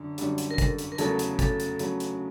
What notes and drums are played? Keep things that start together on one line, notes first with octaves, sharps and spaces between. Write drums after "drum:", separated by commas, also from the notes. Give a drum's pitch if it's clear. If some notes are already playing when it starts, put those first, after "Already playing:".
Already playing: F#2 D3
F#2 D3 G3, drum: hi-hat
drum: hi-hat
A#4
A4, drum: kick, hi-hat
drum: hi-hat
A#4
E2 C#3 F#3 A3 A4, drum: hi-hat
drum: hi-hat
A4, drum: kick, hi-hat
drum: hi-hat
E2 C#3 F#3 A3, drum: hi-hat
drum: hi-hat